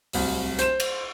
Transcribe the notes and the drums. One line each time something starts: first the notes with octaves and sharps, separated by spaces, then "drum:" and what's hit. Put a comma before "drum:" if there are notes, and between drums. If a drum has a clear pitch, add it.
D1 C2, drum: open hi-hat
C5 E7, drum: hi-hat
drum: cymbal